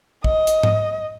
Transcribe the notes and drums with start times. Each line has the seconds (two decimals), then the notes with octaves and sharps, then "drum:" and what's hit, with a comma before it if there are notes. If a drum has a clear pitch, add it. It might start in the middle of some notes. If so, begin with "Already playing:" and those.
0.24 D#5, drum: kick
0.47 drum: hi-hat
0.63 drum: tom G#2